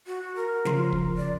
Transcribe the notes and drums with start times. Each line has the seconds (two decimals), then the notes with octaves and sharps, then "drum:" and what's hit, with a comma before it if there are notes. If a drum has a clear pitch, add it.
0.06 F#4
0.36 A#4
0.65 C#3 F3 C6, drum: snare
0.92 drum: kick
1.17 D5